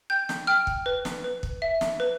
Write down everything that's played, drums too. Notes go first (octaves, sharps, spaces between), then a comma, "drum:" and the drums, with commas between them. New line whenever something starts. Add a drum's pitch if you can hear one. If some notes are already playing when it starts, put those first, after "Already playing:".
G5 G6
drum: snare
G5 F6
drum: kick
B4
drum: snare
B4
drum: kick
E5
drum: snare
B4